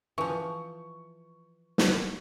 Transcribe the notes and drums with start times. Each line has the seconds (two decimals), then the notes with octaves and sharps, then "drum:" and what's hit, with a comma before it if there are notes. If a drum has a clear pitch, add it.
0.18 E3 F3 C#6
1.78 drum: snare